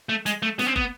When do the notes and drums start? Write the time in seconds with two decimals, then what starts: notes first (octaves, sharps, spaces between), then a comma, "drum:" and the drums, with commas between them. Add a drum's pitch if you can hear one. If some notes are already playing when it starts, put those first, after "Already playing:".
0.09 A3
0.26 G#3, drum: hi-hat
0.42 A3
0.59 B3, drum: snare
0.67 C4
0.76 B3, drum: kick